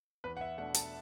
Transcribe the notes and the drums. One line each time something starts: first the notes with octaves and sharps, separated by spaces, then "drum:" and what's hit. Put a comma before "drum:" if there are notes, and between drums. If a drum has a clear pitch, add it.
E2 B4
F#5
E5
B2 A3 D4 F#5
A5, drum: hi-hat